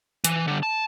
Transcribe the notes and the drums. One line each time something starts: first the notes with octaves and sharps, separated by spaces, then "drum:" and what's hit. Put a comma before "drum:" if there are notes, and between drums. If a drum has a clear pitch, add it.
E3, drum: hi-hat
D3 G3
A5